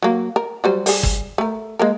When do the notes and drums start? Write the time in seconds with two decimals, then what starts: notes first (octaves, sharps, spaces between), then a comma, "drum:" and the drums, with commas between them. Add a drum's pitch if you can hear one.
0.02 F#3 A#3
0.36 A#4
0.64 F#3 G3 C5
0.86 G3 G#4, drum: open hi-hat
1.03 drum: kick
1.38 A3 A#4
1.79 G#3 A#3 A#4